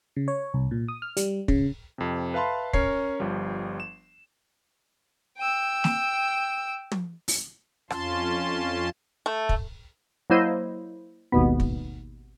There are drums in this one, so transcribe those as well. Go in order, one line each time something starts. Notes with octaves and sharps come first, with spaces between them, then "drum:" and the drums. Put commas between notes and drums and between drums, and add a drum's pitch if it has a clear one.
C#3
C#5
C2
A#2
D#6
F6
G3, drum: hi-hat
C#3, drum: kick
F2 C3
B4 E5 F5 A5 B5 C6
C#4 A#4 C#5 C7, drum: kick
G1 F3 G3
E7
G5 E6
drum: snare
drum: tom
drum: open hi-hat
F2 C#4 F4 A5 C6, drum: rim click
A3
drum: kick
F#3 A#3 E4 C5 D#5
G#1 D#2 B2 B3
drum: kick